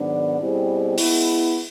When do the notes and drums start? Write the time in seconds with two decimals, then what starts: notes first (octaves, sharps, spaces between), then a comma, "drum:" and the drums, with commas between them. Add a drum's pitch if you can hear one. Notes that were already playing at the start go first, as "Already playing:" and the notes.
Already playing: G#2 D#3 F#3 B3 D4
0.38 B2 G3 C4 E4 G#4
0.98 G#3 B3 E4, drum: open hi-hat